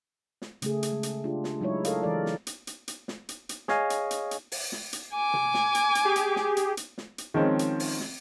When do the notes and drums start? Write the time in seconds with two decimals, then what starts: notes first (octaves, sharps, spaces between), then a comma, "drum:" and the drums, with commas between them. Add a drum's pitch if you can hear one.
0.42 drum: snare
0.62 C#3 A3 G#4, drum: hi-hat
0.83 drum: hi-hat
0.92 G#3
1.03 drum: hi-hat
1.24 D4 F4 G4
1.44 drum: snare
1.61 F#3 G#3 D#4 E4 C#5
1.85 E4 A4 A#4 D#5 F5, drum: hi-hat
2.03 E3 G#3 A4 A#4 D5
2.26 drum: snare
2.47 drum: hi-hat
2.67 drum: hi-hat
2.88 drum: hi-hat
3.08 drum: snare
3.29 drum: hi-hat
3.49 drum: hi-hat
3.68 G#4 C#5 D#5 F5 G#5, drum: snare
3.90 drum: hi-hat
4.11 drum: hi-hat
4.31 drum: hi-hat
4.52 drum: open hi-hat
4.72 drum: snare
4.93 drum: hi-hat
5.13 G#5 D6
5.34 drum: tom C3
5.54 drum: snare
5.75 drum: hi-hat
5.95 drum: hi-hat
6.05 G4 G#4
6.16 drum: hi-hat
6.36 drum: snare
6.57 drum: hi-hat
6.77 drum: hi-hat
6.98 drum: snare
7.18 drum: hi-hat
7.34 D#3 F3 G#3 C4 C#4
7.59 drum: hi-hat
7.80 drum: open hi-hat
8.00 drum: snare